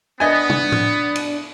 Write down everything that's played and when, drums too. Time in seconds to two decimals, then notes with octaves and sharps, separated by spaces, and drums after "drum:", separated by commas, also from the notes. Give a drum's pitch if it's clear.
0.20 B3 D4 D#5 G#5
0.50 drum: tom
0.72 drum: tom A2
1.16 drum: cymbal